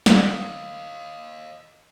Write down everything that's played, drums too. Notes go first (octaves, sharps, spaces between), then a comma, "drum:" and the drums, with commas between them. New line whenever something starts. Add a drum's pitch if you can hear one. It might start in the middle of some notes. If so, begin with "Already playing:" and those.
drum: snare
D#5 F5